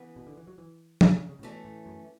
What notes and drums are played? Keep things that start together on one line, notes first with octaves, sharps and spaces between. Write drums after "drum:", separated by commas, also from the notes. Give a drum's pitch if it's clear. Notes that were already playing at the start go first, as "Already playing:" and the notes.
Already playing: C#3 E3 B3
B2
D3
E3
F#3
E3
D3, drum: tom
C#3
C#3
A2
B2 E3 A3 C#4
A2
F#2